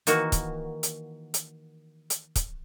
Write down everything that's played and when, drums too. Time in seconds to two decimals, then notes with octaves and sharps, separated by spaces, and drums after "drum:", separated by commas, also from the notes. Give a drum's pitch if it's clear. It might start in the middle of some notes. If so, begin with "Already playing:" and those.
0.07 D#3 E3 A#3 F#4, drum: hi-hat
0.32 drum: kick, hi-hat
0.83 drum: hi-hat
1.34 drum: hi-hat
2.10 drum: hi-hat
2.36 drum: kick, hi-hat